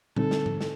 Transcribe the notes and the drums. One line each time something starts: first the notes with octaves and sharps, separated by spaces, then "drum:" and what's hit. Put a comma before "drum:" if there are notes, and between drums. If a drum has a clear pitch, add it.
D3 G3 C4 D#4 A4, drum: tom A#2
drum: snare
drum: tom G#2
drum: snare